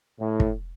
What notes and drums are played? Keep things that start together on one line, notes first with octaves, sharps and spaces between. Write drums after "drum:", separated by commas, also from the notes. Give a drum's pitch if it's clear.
A2
drum: kick